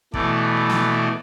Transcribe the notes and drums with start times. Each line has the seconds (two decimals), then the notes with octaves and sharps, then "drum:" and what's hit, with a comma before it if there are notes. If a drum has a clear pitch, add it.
0.14 B2 E3 A3 D5, drum: kick
0.70 drum: snare